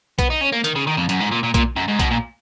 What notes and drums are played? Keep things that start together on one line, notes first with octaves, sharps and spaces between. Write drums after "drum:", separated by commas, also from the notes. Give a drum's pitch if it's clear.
B3, drum: kick B1, hi-hat
D#4
C#4
A#3
D#3, drum: hi-hat
C#3
D#3
F2
F#2, drum: hi-hat
G#2
A#2
A#2
A#2, drum: kick B1, hi-hat
F#2
G#2
B2, drum: kick B1, hi-hat
A#2